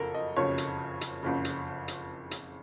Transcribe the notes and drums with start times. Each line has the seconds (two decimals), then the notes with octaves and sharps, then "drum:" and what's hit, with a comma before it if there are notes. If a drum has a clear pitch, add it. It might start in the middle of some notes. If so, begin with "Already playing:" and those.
Already playing: F#1 F2 C#3 A4 A#4
0.15 D#5
0.36 F#1 F2 C#3 C#5
0.58 drum: hi-hat
1.01 drum: hi-hat
1.23 F#1 F2 C#3
1.45 drum: hi-hat
1.88 drum: hi-hat
2.31 drum: hi-hat